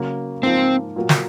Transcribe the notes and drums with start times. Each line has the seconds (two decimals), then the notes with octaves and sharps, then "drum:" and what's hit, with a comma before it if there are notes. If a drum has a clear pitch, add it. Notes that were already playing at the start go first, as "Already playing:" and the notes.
Already playing: C#3 F#3 A#3
0.43 G#2 F3 A#3 C4
0.96 A#2 F#3 A#3
1.09 drum: snare